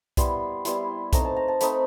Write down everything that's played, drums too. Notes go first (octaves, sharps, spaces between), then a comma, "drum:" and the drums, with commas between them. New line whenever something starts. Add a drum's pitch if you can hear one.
G3 B3 E4 C6, drum: kick B1, hi-hat
G3 B3 E4 C6, drum: hi-hat
A3 C4 D#4 A#5, drum: kick B1, hi-hat
A5
A#5
A5
A3 C4 D#4 B5, drum: hi-hat